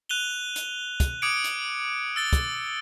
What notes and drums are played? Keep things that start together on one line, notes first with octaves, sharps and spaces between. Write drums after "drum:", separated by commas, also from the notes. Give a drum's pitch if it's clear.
F#6 D#7 F7 G7
drum: hi-hat
drum: kick, hi-hat
D6 D#6 G#6 C#7 D7
drum: hi-hat
E6 A6 G7
drum: kick, hi-hat